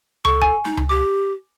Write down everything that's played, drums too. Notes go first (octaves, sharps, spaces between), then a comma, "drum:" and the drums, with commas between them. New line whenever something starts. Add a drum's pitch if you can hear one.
A4 C#6, drum: tom C#2
G#5, drum: kick
D#4, drum: snare
drum: tom C#2
G4 D6